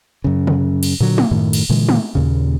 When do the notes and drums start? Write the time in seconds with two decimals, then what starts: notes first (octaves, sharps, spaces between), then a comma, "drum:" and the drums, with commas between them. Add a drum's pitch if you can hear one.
0.24 F#2 C#3
0.47 drum: tom C3
0.83 drum: cymbal
1.00 A#2 D3 F#3
1.18 drum: tom
1.31 F#2 A2 D#3 A3
1.53 drum: cymbal
1.69 A#2 D3 E3 G#3
1.89 drum: tom
2.15 D#2 A#2 C#3